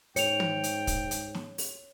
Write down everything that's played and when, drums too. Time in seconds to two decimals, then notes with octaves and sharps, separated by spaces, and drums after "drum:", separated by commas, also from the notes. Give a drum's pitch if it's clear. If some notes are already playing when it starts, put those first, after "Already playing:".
0.16 G#2 C#5 G5 C#7 F7, drum: hi-hat
0.40 drum: tom
0.64 drum: hi-hat
0.87 drum: kick, hi-hat
1.11 drum: hi-hat
1.35 drum: snare
1.58 drum: open hi-hat